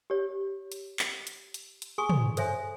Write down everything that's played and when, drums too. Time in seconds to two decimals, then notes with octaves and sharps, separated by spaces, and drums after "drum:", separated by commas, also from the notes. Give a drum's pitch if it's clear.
0.10 G4 C#5
0.72 drum: hi-hat
0.99 drum: clap
1.27 drum: hi-hat
1.54 drum: hi-hat
1.82 drum: hi-hat
1.98 G#4 G#5 C6 C#6 D#6
2.10 drum: tom
2.37 A4 C5 C#5 E5 G#5 C6, drum: hi-hat